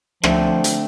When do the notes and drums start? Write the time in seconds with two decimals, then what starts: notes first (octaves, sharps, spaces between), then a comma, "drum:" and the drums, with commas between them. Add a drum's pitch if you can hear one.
0.23 D3 F3 A3 C4, drum: rim click
0.64 drum: hi-hat